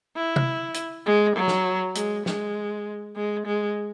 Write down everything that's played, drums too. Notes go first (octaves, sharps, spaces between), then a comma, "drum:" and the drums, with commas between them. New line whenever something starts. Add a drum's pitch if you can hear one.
E4
drum: tom C3
drum: hi-hat
G#3
F#3
drum: snare
G#3, drum: hi-hat
G#3, drum: snare
G#3
G#3